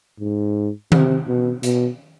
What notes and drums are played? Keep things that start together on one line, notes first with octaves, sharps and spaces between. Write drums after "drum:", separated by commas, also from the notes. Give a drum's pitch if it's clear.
G#2
C3, drum: tom D#3
B2
B2, drum: hi-hat